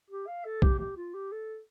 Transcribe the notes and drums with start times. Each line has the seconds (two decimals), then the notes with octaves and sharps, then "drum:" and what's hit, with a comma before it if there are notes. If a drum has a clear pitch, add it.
0.10 G4
0.27 F5
0.45 A4
0.62 G4, drum: kick B1
0.79 G4
0.97 F4
1.14 G4
1.32 A4